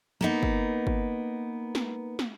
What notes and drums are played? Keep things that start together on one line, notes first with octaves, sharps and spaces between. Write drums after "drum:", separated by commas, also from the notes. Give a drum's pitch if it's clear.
A#3 B3 D#4
drum: kick
drum: kick
drum: snare
drum: snare